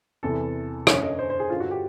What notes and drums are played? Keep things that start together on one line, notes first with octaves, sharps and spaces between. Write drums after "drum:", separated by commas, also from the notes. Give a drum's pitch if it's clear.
E2 C3 E3 A4
F#2 D3 C#5, drum: rim click
D#5
C5
C5
G#4
G2 D3 F4
F#4
G4